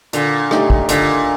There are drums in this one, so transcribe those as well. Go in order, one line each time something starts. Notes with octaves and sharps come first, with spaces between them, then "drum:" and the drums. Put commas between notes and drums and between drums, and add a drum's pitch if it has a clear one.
A#2 D3, drum: hi-hat
A3 D#4 G4, drum: rim click
drum: kick
A#2 D3, drum: hi-hat